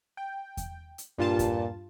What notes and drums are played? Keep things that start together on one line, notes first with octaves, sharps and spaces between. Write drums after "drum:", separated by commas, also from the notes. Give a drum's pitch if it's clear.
G5
drum: kick E2, hi-hat
drum: hi-hat
G2 A#2 F4 A5
drum: kick E2, hi-hat